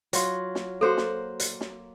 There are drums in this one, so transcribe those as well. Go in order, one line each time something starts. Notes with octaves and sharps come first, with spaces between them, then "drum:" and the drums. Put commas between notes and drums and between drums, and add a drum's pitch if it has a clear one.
F#3 F4, drum: hi-hat
drum: snare
A#3 F#4 A4 C5 F#5
drum: snare
drum: hi-hat
drum: snare